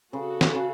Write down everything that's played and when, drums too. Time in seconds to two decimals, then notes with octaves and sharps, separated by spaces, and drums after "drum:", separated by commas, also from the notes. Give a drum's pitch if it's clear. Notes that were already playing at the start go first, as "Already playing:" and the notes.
0.13 C#3 F#4 A4
0.41 drum: snare
0.55 C#3